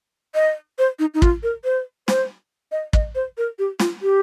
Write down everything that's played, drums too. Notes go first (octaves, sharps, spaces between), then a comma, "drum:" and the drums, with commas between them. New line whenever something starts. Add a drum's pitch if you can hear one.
D#5
C5
D#4
D#4
F4, drum: kick
A#4
C5
C5, drum: snare
D#5
D#5, drum: kick
C5
A#4
G4
F4, drum: snare
G4